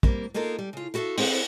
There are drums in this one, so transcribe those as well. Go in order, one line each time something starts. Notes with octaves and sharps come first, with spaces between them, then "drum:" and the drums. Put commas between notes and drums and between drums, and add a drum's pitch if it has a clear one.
G3 A#3 C4, drum: kick
A#3 D#4 F4 A4 A#4
G3
C#3 F4
E4 F#4 A4 D5 E5 F5
C4 E4 G#4 A4 B4, drum: open hi-hat